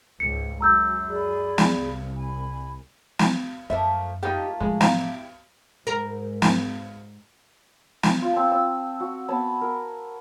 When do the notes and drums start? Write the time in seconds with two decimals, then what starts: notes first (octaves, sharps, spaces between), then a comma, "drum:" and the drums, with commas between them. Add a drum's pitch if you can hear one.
0.20 C#2 G#2 C#7
0.61 F#2 A#5 E6 G6
1.08 G#4 D5 B5
1.58 drum: snare
1.73 C2
2.14 G#5 B5
3.19 drum: snare
3.70 F#2 F3 A3 A#3 E5
4.23 A3 A#3 D#4 F4 G4
4.60 A2 F3 G#3
4.81 F5 A#5, drum: snare
4.99 E4 G4
5.87 G#2 A#4
6.42 drum: snare
8.03 drum: snare
8.22 F4
8.33 C4 A5
8.51 E6
9.00 F#4
9.28 B3 G#5 A5 B5
9.61 A#4